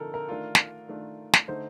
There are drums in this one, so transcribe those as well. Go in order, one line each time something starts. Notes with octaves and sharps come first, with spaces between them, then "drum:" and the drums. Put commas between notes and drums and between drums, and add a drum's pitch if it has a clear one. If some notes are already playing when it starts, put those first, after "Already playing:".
Already playing: D3 F3 C4 D#4 A4 A#4
A#4
D#3 A3 D4 F4
drum: snare
D#3 A3 D4 F4
drum: snare
D3 A3 D#4 C5